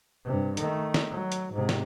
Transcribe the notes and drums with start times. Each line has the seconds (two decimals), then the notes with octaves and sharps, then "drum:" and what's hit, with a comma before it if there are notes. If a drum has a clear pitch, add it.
0.24 G2 C3
0.57 D#3 A3, drum: hi-hat
0.94 drum: snare
1.11 F#3
1.32 drum: hi-hat
1.53 G#2 C3
1.69 drum: snare